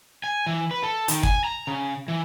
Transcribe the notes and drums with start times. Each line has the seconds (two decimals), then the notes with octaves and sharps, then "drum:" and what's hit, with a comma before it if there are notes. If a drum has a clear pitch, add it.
0.24 G#5
0.47 E3
0.71 B4
0.83 A4
1.08 D#3, drum: hi-hat
1.23 G#5, drum: kick
1.44 A#5
1.67 C#3
2.08 E3